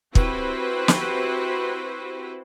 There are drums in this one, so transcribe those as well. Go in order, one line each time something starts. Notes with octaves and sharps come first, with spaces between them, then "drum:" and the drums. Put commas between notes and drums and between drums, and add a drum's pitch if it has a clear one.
C4 E4 F#4 G4 B4 C5, drum: kick
drum: snare